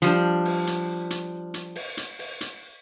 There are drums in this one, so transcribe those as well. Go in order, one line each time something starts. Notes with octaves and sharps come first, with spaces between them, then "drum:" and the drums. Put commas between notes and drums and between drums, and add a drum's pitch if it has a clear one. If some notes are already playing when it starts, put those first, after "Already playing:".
F3 G3 D4, drum: hi-hat
drum: open hi-hat
drum: hi-hat
drum: hi-hat
drum: hi-hat
drum: open hi-hat
drum: hi-hat
drum: open hi-hat
drum: hi-hat